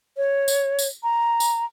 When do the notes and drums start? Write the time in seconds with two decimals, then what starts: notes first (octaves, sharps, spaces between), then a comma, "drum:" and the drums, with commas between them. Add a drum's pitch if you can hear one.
0.17 C#5
0.48 drum: tambourine
0.79 drum: tambourine
1.03 A#5
1.40 drum: tambourine